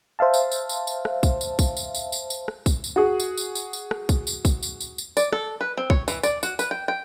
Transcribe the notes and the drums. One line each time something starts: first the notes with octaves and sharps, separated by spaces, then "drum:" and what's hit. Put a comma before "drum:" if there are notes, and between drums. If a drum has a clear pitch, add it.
C5 E5 F5 A5
drum: tambourine
drum: tambourine
drum: tambourine
drum: tambourine
drum: rim click
drum: kick, tambourine
drum: tambourine
drum: kick, tambourine
drum: tambourine
drum: tambourine
drum: tambourine
drum: tambourine
drum: rim click
drum: kick, tambourine
drum: tambourine
F#4 G#4
drum: tambourine
drum: tambourine
drum: tambourine
drum: tambourine
drum: rim click
drum: kick, tambourine
drum: tambourine
drum: kick, tambourine
drum: tambourine
drum: tambourine
drum: tambourine
D5, drum: tambourine
A4, drum: rim click
B4
C4
C#5, drum: kick
E3, drum: tambourine
D5, drum: tambourine
F#4, drum: tambourine
B4, drum: tambourine
G5
G5